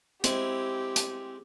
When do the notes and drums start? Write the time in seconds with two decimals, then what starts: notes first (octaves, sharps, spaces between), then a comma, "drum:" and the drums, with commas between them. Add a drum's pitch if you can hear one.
0.24 G#3 C4 E4 G4, drum: hi-hat
0.96 drum: hi-hat